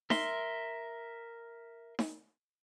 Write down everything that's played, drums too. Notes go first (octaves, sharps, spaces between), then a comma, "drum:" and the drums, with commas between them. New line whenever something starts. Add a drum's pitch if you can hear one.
A#4 E5 C6, drum: snare D#4
drum: snare D#4